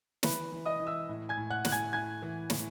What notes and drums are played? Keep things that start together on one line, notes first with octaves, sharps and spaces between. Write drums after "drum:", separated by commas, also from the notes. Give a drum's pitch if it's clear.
E3 B4 B5, drum: snare
E3
D#5 D#6
E3
E5 E6
A2
G#5 G#6
A2
F#5 F#6
A2 F#6, drum: snare
G#5 G#6
A2 G#5 G#6
E3
A2, drum: snare